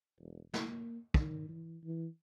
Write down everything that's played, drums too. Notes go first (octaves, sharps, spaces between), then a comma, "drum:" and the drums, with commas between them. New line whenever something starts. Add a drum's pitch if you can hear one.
E1
A#3, drum: snare
D#3, drum: kick
E3
E3